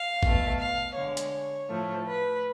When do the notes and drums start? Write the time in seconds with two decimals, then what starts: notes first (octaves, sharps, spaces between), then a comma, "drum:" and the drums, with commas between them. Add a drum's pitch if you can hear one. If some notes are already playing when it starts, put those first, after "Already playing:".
Already playing: F5
0.23 B2 A3, drum: kick A1
0.60 F5
0.96 D3 G#3 C#5
1.17 drum: hi-hat
1.68 A2 F3 A3
2.05 B4